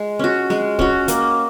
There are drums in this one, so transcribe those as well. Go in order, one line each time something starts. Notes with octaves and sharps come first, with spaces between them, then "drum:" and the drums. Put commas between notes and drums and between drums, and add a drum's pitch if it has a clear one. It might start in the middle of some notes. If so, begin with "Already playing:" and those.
Already playing: G#3
C#4 F#4
G#3, drum: snare
C#4 F#4, drum: kick
A#3, drum: hi-hat